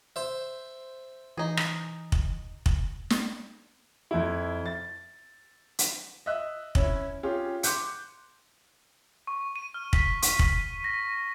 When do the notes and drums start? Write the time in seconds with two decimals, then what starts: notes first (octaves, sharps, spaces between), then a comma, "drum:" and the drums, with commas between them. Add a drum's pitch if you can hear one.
0.16 C5 E5
1.37 E3 D#4 G#4
1.57 drum: rim click
2.12 drum: kick
2.66 drum: kick
3.10 drum: snare
4.11 F2 E4
4.66 A6
5.79 drum: hi-hat
6.26 D#5 E5 F#6
6.75 C#4 E4, drum: kick
7.23 C#4 F4 G4 G#4
7.63 C6 D6 F#6 G6 C#7, drum: hi-hat
9.27 C#6
9.56 D#7
9.74 F6
9.93 B6, drum: kick
10.22 C#6, drum: hi-hat
10.39 D#7, drum: kick
10.84 A#6